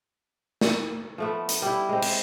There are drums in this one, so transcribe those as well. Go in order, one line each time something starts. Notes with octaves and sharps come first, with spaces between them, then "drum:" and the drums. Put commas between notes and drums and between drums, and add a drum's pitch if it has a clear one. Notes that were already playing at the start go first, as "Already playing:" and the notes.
drum: snare
F3 A3 B3
drum: hi-hat
G3 E4
G#3 C4
C5, drum: cymbal